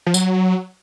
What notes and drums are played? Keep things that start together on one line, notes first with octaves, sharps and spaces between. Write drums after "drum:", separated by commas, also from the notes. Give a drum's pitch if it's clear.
F3
F#3, drum: tambourine